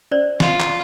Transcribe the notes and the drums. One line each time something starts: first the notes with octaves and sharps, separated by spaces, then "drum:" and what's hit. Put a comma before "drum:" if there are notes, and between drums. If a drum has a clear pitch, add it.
C#4 C5 D5
F4, drum: snare
drum: clap